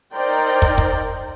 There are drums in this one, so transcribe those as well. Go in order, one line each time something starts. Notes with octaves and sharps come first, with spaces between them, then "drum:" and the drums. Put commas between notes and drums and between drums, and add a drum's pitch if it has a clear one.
D#4 A#4 C5 D5 G5
drum: kick
drum: kick